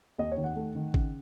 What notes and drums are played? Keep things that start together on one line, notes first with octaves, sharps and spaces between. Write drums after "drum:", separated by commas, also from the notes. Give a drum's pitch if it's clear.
D#2 D#5
C#5
D#3
F#5
A3
D#3
C#3, drum: kick